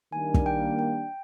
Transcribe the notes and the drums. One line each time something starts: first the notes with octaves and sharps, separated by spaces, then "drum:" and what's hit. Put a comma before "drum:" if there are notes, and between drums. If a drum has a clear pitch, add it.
D#3 G3 A#3 D4 G#5
drum: kick
G5
G5